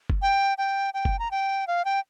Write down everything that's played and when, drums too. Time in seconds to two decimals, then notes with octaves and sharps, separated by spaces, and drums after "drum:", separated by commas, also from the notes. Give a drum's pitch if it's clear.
0.10 drum: kick F#1
0.22 G5
0.58 G5
0.94 G5
1.05 drum: kick F#1
1.19 A#5
1.31 G5
1.67 F5
1.85 G5